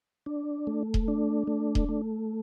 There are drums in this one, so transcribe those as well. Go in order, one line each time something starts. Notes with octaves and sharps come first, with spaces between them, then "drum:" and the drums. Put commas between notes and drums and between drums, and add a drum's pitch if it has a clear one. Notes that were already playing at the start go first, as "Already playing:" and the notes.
D4
A3
drum: kick D#1
D4
A3
drum: kick D#1
A3